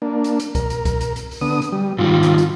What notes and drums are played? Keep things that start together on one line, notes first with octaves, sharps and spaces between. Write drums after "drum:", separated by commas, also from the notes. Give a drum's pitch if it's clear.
A#3 D4
drum: hi-hat
drum: hi-hat
A#4, drum: kick C2, hi-hat
drum: hi-hat
drum: kick C2, hi-hat
drum: hi-hat
drum: hi-hat
drum: open hi-hat
D3 B3 D#6
drum: hi-hat
G3
G#2 D#3 G3 F4
drum: hi-hat
drum: hi-hat